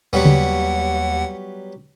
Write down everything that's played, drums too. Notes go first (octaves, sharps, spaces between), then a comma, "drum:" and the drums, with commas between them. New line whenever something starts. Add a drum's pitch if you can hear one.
D#2 F#3 G3 B3 F#5
drum: tom C#3